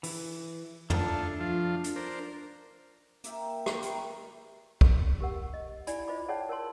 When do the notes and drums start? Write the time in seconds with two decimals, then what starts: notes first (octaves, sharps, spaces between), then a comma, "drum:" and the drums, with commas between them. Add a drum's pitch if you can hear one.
0.03 E3, drum: open hi-hat
0.90 A3 D4 F4 A4, drum: tom
1.40 F3 F4
1.84 drum: hi-hat
1.96 D4 A#4 C5
3.24 A#3 E5 G5, drum: hi-hat
3.66 G4 B4 E5, drum: rim click
3.82 A#4 B4, drum: hi-hat
4.81 drum: kick
5.21 G4 A#4 F#5
5.54 D#5
5.87 E4 D5 G#5 B5, drum: hi-hat
6.08 F4 C5 D#5 B5 D6
6.28 G#4 C#5 D5 F#5 G5 A5
6.49 A#4 C#5 A5 C6